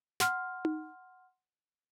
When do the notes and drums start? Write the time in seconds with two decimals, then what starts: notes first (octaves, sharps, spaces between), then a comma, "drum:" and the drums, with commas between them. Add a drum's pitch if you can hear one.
0.20 F#5 C6 F6, drum: snare
0.65 drum: tom D#4